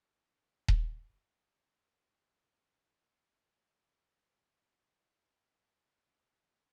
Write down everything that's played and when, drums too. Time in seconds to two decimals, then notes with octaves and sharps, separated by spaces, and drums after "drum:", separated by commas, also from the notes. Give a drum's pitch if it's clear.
0.14 A4 A#4 C5
0.68 drum: kick D#1
2.67 A5
3.28 G#2 C3 E3 C#4
4.27 C#3 E3 F3 C#4